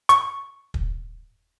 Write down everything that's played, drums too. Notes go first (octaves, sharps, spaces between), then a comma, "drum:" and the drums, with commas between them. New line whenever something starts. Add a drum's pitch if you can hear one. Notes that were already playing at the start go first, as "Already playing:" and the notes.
C#6, drum: hi-hat
drum: kick